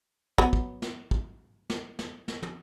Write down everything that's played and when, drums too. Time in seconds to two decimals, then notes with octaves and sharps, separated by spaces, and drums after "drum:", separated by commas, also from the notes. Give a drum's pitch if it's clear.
0.38 F#3 B3, drum: kick
0.53 drum: kick
0.82 drum: snare
1.11 drum: kick
1.70 drum: snare
1.99 drum: snare
2.28 drum: snare
2.43 drum: tom